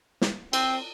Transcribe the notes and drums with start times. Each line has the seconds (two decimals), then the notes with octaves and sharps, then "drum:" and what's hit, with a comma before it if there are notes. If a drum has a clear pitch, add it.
0.21 drum: snare
0.53 C4, drum: cymbal